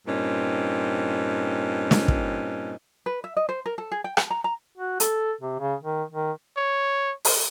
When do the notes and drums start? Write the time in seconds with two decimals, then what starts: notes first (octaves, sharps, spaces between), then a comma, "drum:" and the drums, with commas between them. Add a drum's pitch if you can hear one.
0.06 G2 A#2 C4 C#4 D#4
1.91 drum: snare
2.08 drum: kick
3.06 B4
3.24 E5
3.37 D#5
3.49 C5
3.66 A#4
3.78 A4
3.92 G#4
4.04 G5
4.17 A5, drum: rim click
4.31 A#5
4.44 A#5
4.77 F#4
5.00 A4, drum: hi-hat
5.41 C3
5.59 C#3
5.83 D#3
6.12 D#3
6.57 C#5
7.25 drum: open hi-hat